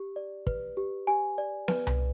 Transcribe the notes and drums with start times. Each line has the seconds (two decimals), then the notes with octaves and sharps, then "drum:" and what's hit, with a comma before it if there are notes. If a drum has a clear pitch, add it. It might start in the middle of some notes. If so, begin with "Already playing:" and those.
Already playing: G4
0.16 D5
0.47 B4, drum: kick
0.77 G4
1.07 G4 G#5
1.38 D5
1.68 B4, drum: snare B3
1.87 drum: tom C2